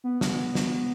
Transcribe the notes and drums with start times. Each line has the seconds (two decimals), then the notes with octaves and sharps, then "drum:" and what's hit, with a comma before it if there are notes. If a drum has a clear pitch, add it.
0.04 B3
0.21 drum: snare
0.55 drum: snare